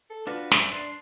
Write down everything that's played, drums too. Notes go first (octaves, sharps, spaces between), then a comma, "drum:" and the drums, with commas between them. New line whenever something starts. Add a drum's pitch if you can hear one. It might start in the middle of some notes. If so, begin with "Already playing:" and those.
A4
D4 F4 F#4 B4
G2 C5 E5, drum: snare
D4 C6